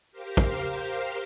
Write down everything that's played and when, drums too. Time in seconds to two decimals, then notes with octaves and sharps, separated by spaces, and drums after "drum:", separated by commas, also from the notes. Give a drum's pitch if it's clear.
0.12 G4 A#4 C5 F5
0.37 drum: kick